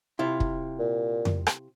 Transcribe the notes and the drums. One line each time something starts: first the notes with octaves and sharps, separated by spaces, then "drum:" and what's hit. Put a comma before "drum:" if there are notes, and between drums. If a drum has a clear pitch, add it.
C3 E4 F4
drum: kick
A#2
drum: tom F2
drum: rim click